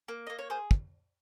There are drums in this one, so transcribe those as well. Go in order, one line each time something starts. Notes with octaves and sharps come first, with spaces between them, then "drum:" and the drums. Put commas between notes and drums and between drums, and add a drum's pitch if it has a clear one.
A#3
A#3 D#5
C#5
G#4 C5
drum: kick